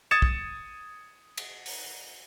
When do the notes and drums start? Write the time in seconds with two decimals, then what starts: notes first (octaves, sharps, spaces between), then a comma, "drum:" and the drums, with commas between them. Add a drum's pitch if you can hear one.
0.11 D#6 G#6 A6 C#7 E7
0.22 drum: kick
1.38 drum: cymbal
1.66 drum: open hi-hat